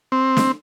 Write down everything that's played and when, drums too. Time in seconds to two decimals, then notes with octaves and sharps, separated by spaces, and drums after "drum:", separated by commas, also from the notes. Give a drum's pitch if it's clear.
0.12 C4
0.37 drum: snare